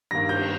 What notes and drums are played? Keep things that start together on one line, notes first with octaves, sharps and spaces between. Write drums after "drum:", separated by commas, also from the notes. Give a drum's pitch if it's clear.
G2 D#3 A#3 A#6
G6, drum: cymbal